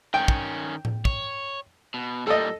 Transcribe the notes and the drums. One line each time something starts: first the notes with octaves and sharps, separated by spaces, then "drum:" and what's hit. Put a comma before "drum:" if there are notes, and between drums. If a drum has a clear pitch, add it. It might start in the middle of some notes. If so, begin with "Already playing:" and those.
D#3 C#4 G5
drum: kick
drum: tom A2
C#5, drum: kick
B2
A#2 G3 A4 D#5